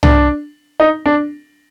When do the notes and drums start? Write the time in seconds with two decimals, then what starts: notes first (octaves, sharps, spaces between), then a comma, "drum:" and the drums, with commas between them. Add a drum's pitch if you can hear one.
0.03 D4, drum: tom C2
0.80 D#4
1.06 D4